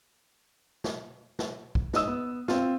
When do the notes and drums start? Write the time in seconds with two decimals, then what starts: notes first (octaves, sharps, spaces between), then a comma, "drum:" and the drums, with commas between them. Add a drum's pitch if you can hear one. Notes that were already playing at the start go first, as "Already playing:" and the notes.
0.84 drum: snare
1.39 drum: snare
1.75 drum: kick
1.93 G#2 D#5 D#6 E6, drum: snare
2.08 B3
2.48 C4 F4, drum: snare